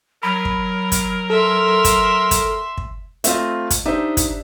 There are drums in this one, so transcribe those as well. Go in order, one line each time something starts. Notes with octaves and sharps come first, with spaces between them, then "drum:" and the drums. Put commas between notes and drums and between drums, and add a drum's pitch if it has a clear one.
F#3 A#4 B5
drum: kick
drum: kick, hi-hat
A4 E5 C6
drum: kick, hi-hat
drum: kick, hi-hat
drum: kick
A3 C4 F4 D#5 E5, drum: hi-hat
drum: kick, hi-hat
D4 D#4 G4 C5 E5
drum: kick, hi-hat